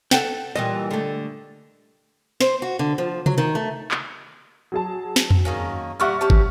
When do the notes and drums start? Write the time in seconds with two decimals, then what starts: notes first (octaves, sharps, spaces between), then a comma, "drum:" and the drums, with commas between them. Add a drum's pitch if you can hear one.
0.11 A4 F#5 G5, drum: snare
0.56 A#2 E3 G3 D#5
0.91 D3 A3
2.41 C5, drum: snare
2.62 F#4
2.79 D3
2.98 F3
3.26 F#3, drum: tom C3
3.38 D#3
3.55 A3
3.91 drum: clap
4.72 F#3 G#4 A5
5.16 drum: snare
5.30 drum: tom F2
5.45 D#3 A#3 C#4
6.00 A#2 G3 E5 F#5 C#6 F6
6.21 C#4 G4 A5
6.30 drum: kick